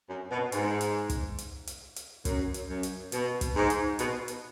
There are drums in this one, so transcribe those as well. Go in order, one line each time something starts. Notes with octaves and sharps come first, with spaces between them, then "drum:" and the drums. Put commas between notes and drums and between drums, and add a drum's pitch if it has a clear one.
F#2
B2
G#2, drum: hi-hat
drum: hi-hat
drum: kick, hi-hat
drum: hi-hat
drum: hi-hat
drum: hi-hat
F#2, drum: kick, hi-hat
drum: hi-hat
F#2
drum: hi-hat
B2, drum: hi-hat
drum: kick, hi-hat
G#2
drum: hi-hat
B2, drum: hi-hat
drum: hi-hat